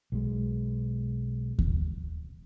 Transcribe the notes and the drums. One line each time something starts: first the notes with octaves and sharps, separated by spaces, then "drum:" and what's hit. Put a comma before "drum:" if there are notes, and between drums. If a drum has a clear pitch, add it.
B1 G#3
drum: kick D#2